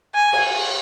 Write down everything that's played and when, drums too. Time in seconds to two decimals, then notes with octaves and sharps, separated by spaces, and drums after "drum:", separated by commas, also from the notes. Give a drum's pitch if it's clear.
0.15 G#5
0.33 drum: cymbal